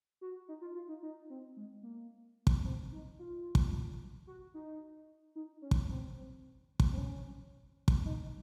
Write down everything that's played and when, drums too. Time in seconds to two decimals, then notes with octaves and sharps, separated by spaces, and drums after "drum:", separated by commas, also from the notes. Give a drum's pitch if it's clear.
0.21 F#4
0.48 D#4
0.61 F4
0.75 F4
0.89 D#4
1.02 D#4
1.30 C4
1.57 G#3
1.83 A#3
2.47 drum: kick
2.64 C4
2.92 D#4
3.19 F4
3.55 drum: kick
4.27 F#4
4.54 D#4
5.35 D#4
5.62 C#4
5.71 drum: kick
5.90 C4
6.80 drum: kick
6.92 C4
6.97 C#4
7.88 drum: kick
8.05 D#4